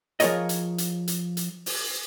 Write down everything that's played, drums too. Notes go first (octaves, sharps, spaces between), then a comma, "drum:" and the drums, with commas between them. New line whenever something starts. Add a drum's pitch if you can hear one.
F3 F4 G#4 A#4 C#5 D#5, drum: hi-hat
drum: hi-hat
drum: hi-hat
drum: hi-hat
drum: hi-hat
drum: open hi-hat